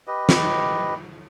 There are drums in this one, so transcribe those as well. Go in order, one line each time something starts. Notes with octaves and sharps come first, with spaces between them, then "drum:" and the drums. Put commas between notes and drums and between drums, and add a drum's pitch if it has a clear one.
G4 B4 D#5
drum: snare